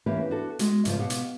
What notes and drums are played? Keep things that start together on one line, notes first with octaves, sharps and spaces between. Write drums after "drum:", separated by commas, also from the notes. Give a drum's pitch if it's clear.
E3 A#3 C#4 G4 B4
D4 F#4 A4
G#3 F#4 D#5, drum: hi-hat
G2 C#3 F3 D5, drum: hi-hat
B2 G4 F5 F#5
drum: hi-hat